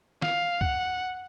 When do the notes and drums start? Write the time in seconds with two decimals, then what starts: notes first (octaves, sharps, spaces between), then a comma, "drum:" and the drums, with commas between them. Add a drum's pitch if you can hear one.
0.22 F5, drum: snare
0.61 F#5, drum: kick C#2